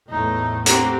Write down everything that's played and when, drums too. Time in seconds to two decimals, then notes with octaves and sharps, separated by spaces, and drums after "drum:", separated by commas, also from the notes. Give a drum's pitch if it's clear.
0.10 E2 A2 A3 D#4
0.66 C4 F#4 G4 A#5, drum: hi-hat